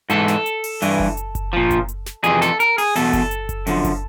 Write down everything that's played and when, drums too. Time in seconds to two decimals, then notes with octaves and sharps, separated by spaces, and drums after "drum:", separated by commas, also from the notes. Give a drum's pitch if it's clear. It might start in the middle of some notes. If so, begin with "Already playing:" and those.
0.10 G#2 E3 A4, drum: hi-hat
0.28 drum: snare
0.46 drum: hi-hat
0.64 drum: open hi-hat
0.82 G2 E3, drum: open hi-hat
0.99 drum: kick F#1
1.17 drum: hi-hat
1.35 drum: kick F#1, hi-hat
1.53 A#2 F3
1.71 drum: kick F#1, hi-hat
1.88 drum: hi-hat
2.06 drum: snare
2.24 F2 C3 E3 G#4, drum: hi-hat
2.42 A4, drum: snare
2.60 A#4, drum: hi-hat
2.78 G#4, drum: open hi-hat
2.96 E2 B2 A4, drum: open hi-hat
3.13 drum: kick F#1, hi-hat
3.31 drum: hi-hat
3.49 drum: kick F#1, hi-hat
3.67 F#2 D3 F3, drum: open hi-hat
3.84 drum: kick F#1, hi-hat